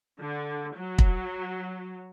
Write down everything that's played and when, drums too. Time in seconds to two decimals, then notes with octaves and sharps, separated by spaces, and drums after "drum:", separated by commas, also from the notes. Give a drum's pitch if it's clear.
0.20 D3
0.75 F#3
0.99 drum: kick